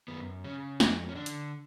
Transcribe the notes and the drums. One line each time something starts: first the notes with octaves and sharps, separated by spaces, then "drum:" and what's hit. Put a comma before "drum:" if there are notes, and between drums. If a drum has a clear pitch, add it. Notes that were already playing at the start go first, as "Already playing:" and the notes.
F#2 B3
C#3 C#4
F2, drum: snare
C#4
D3 D4
drum: hi-hat